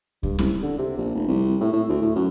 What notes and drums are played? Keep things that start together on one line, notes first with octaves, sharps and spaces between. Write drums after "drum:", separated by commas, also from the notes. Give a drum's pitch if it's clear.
G2, drum: kick C#2
C2, drum: snare C#4
D3
C3
A#1
F1
C2
A2
A2
D2
A2
F#2